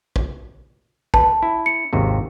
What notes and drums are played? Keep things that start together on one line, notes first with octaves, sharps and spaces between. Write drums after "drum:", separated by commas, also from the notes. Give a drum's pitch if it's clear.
drum: kick
B4 A5, drum: kick
E4
C#7
G#1 D#2 C3